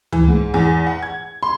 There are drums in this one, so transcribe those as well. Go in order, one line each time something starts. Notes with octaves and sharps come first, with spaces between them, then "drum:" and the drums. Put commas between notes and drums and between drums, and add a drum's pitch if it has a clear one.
E3, drum: tom C#2
G#2
E2
F#5
G#6
C6